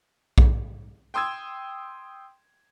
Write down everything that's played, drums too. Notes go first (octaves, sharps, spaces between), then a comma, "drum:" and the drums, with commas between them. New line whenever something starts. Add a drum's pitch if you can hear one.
drum: kick A#1
G5 C6 D#6 E6 G#6